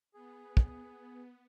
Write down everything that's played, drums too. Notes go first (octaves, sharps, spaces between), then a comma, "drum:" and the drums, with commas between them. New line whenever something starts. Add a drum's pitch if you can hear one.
B3 G#4
drum: kick